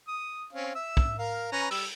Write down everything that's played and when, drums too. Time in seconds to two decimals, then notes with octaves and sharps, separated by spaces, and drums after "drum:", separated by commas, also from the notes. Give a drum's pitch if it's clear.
0.08 D#6
0.53 C4 C#4 F5
0.75 E5 E6
0.97 drum: kick
1.19 A#4 F5
1.52 C#4 B4 A#5
1.71 G3 E6, drum: open hi-hat